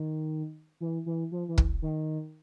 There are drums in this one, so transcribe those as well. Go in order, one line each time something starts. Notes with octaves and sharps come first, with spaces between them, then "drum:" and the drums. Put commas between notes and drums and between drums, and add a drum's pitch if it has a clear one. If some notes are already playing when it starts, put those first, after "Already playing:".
Already playing: D#3
E3
E3
F3
E3
drum: kick
D#3